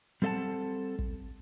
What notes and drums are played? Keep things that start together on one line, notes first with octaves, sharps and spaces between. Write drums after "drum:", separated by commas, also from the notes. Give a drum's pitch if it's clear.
G3 C4 A4 E5 F#5 A5
drum: kick